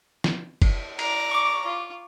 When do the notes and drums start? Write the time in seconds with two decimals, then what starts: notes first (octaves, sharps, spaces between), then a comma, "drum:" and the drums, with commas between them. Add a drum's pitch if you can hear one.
0.24 drum: snare
0.62 drum: kick F#1, cymbal
0.99 D5 A#5, drum: cymbal
1.31 C#6 D6
1.65 F4